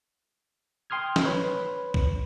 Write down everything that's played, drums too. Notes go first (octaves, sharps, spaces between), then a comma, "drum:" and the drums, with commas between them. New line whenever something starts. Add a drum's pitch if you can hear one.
G5 C6 D#6 F6 G#6
drum: snare
B4 C#5 B5 C6
drum: kick